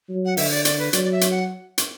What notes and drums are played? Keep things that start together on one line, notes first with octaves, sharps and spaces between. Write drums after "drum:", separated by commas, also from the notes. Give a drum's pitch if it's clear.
F#3
F#5
D3 E5, drum: open hi-hat
D5
D5, drum: hi-hat
B4
F#3 D5, drum: hi-hat
D5
E5
drum: hi-hat
F#5
drum: hi-hat